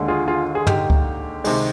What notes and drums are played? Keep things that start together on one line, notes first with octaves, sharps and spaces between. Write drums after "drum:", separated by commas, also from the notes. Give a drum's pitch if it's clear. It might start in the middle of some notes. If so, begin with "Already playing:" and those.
Already playing: D#2 D3 G#3
F4 G#4
F4 G#4
G#4
D#4 G4, drum: tom
drum: kick C#2
C3 D#3 G#3, drum: open hi-hat